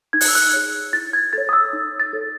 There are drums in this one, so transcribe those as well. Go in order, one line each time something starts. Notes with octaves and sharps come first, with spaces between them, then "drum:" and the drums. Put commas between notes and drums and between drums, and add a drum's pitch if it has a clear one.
D#4 G#6
F#6, drum: open hi-hat
E6
F#6
G#4 C#5
E4 A6
G#6
A4 C#5 A6
D#6
E6
D#4
A6
A4 C#5